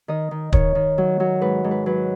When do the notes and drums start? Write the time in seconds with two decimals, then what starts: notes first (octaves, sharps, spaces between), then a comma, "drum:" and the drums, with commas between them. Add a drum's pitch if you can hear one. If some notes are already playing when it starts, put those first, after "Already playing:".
0.08 D#3 D#5
0.31 D#3
0.53 D#3 C#5, drum: kick
0.75 D#3
0.98 F#3
1.20 F#3
1.42 G#2 B4
1.64 G#2
1.71 B4
1.86 F#3 B4